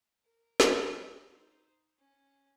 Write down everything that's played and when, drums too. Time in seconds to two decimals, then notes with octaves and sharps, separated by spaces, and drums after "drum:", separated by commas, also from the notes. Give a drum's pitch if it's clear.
0.23 A#4
0.60 drum: snare
1.26 D#4 C5
1.99 C#4